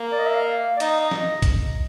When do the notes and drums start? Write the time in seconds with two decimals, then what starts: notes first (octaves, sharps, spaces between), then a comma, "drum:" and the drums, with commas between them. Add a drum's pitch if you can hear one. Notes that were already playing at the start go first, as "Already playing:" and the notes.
Already playing: A#3
0.12 D5
0.18 D#5
0.26 E5
0.35 F5
0.77 D5
0.80 D#4 D#5, drum: hi-hat
1.11 drum: snare
1.42 drum: kick B1, hi-hat